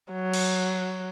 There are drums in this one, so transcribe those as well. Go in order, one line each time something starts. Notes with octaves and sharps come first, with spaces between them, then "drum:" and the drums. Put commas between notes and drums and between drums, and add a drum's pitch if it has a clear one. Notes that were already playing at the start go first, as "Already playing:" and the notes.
F#3
drum: cymbal